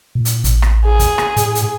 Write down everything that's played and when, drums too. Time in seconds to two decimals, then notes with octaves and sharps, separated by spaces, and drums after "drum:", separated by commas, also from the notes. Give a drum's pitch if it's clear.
0.15 A#2
0.25 drum: hi-hat
0.44 A1, drum: hi-hat
0.62 drum: rim click
0.85 G#4
0.99 drum: kick, hi-hat
1.18 drum: rim click
1.37 A2, drum: hi-hat
1.55 drum: hi-hat